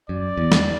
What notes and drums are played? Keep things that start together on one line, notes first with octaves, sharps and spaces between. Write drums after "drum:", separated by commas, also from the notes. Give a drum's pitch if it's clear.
F#2 D5
E2
drum: snare